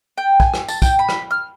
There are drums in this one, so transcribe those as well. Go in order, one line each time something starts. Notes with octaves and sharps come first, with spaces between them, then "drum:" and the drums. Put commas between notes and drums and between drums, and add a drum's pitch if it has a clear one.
G5
G#5, drum: kick
drum: rim click
A5, drum: tambourine
G5, drum: kick, tambourine
B5
drum: rim click
F6